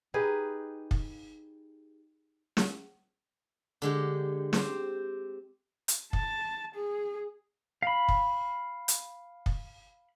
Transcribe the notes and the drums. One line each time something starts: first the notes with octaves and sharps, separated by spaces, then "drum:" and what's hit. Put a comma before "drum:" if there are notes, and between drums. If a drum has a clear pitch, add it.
D#4 G4 G#4 B4
drum: kick
drum: snare
D3 G#3 G4
C4 G4 C5, drum: snare
drum: hi-hat
A5, drum: kick
G#4
F5 B5
drum: kick
drum: hi-hat
drum: kick